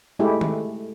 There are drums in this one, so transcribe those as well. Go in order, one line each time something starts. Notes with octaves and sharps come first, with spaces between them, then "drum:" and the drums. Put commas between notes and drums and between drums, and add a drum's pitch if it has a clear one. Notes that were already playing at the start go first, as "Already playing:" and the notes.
G#3 A3 E4 G4
drum: tom D#3